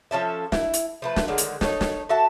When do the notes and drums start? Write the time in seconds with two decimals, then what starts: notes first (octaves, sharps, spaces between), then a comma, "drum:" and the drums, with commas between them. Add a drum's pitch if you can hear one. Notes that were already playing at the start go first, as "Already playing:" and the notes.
0.11 F3 C#4 A4 E5
0.52 E4, drum: snare
0.73 drum: hi-hat
1.02 F3 A3 B4
1.16 drum: snare
1.28 D3 D#3 F#3 G#3
1.38 drum: hi-hat
1.61 D#4 A4 C#5, drum: snare
1.81 drum: snare
2.09 F#4 A4 E5 A5